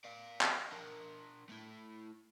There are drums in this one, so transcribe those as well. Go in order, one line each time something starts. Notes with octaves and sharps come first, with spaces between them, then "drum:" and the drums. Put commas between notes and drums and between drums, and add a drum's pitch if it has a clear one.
D5 F5
drum: clap
D4 A#4
A3 E4